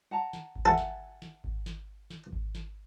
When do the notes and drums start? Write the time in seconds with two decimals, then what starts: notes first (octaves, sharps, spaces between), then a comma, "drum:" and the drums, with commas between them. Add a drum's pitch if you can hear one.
0.11 F#5 A5 A#5
0.33 drum: snare
0.56 drum: kick G#1
0.66 A4 E5 F#5 G#5
0.78 drum: snare
1.22 drum: snare
1.44 drum: kick G#1
1.66 drum: snare
2.10 drum: snare
2.33 drum: kick G#1
2.55 drum: snare